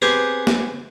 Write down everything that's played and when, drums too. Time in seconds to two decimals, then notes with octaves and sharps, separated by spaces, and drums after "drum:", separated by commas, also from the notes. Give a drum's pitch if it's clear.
0.02 B3 C4 G4 G#4 G#5
0.47 drum: snare